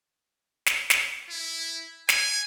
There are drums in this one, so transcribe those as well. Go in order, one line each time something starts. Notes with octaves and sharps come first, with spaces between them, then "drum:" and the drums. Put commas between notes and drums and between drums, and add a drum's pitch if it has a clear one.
drum: snare
drum: snare
E4
G#5, drum: snare